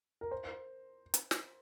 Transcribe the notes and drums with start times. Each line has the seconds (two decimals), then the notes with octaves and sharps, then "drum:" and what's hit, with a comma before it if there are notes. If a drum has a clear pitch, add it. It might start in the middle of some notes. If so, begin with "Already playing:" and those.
0.21 A#4
0.31 C5
1.14 drum: hi-hat
1.31 drum: snare